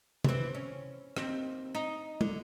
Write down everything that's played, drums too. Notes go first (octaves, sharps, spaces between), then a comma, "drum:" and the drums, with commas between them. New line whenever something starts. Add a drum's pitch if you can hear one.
E3 C4, drum: tom
C#4
D#2 C4 G4, drum: rim click
D#4
D3, drum: tom